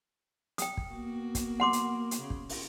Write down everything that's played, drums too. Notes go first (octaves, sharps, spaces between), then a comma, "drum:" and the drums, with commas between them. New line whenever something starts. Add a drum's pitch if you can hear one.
G5 D#6, drum: hi-hat
drum: kick
A#3 B3 F#4
drum: kick, hi-hat
F#5 C6 D6
drum: hi-hat
drum: hi-hat
C#3
drum: kick
drum: open hi-hat